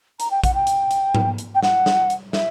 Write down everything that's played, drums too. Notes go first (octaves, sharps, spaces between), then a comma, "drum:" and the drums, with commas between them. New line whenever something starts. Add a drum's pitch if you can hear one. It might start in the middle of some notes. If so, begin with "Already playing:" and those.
A#5, drum: hi-hat
G5
F#5, drum: kick, hi-hat
G5
drum: hi-hat
drum: hi-hat
drum: tom G#2
drum: hi-hat
G5
F#5, drum: snare
drum: snare
drum: hi-hat
E5, drum: snare